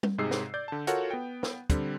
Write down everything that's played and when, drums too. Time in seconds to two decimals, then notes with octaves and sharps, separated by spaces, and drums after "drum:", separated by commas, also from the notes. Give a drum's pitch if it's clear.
0.03 drum: tom G3
0.18 G#2 C3 D#4 G#4 E6 C7
0.31 drum: snare
0.54 D5 G6
0.68 D3 A5
0.87 F4 F#4 A4 A#4 C#5 F#5, drum: hi-hat
1.11 B3 G5
1.43 drum: snare
1.70 D3 G3 C4, drum: kick, hi-hat